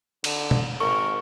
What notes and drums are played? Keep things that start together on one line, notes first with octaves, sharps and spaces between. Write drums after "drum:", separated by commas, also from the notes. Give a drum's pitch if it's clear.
D3, drum: cymbal
drum: tom B2
G#1 A#4 C#6